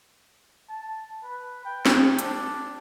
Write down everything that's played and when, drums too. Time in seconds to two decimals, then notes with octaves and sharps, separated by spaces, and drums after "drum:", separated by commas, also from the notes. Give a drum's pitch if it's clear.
0.69 A5
1.24 B4
1.65 G5
1.86 drum: snare
2.19 D4, drum: hi-hat